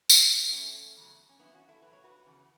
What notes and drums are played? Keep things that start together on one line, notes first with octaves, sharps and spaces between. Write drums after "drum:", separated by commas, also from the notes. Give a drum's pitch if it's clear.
A2 F#3, drum: tambourine
B3
F#2 E3 A3 C#4
E2 C#3 F#3
C#4
E2 C#3 F#3 B3 E4
C#4 F#4
E4 A4
A2 F#3 B4
C#5
F#4 B4
E2 C#3 E3